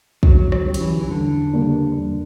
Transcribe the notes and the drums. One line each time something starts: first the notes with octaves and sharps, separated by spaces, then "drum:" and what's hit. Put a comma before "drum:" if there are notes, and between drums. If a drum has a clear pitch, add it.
D3 F#3, drum: kick
F#3, drum: rim click
G3 C#4 G4
F#3, drum: cymbal
E3
E3
E2 D3
C#3 G3 A#3 D4
E2